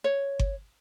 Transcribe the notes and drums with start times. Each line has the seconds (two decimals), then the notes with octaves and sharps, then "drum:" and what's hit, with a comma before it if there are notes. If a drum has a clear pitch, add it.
0.04 C#5
0.39 drum: kick G1